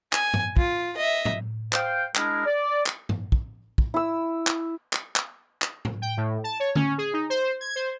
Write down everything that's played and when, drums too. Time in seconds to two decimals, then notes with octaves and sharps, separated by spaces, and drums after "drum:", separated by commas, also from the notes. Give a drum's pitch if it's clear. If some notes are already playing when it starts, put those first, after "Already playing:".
0.13 G#5, drum: clap
0.34 drum: tom
0.57 F4, drum: kick
0.97 D#5 E5
1.25 drum: tom A2
1.73 C5 F5 G5, drum: clap
2.15 G#3 D4 E4 G#4 A#4, drum: clap
2.46 D5
2.86 drum: clap
3.09 drum: tom
3.32 drum: kick
3.78 drum: kick
3.94 E4 E6
4.47 drum: clap
4.93 drum: clap
5.16 drum: clap
5.62 drum: clap
5.85 drum: tom A2
6.02 G5
6.17 A2
6.44 A5
6.60 C#5
6.75 C#4, drum: tom D3
6.98 G#4
7.13 D#4
7.30 C5
7.61 G#6
7.76 C5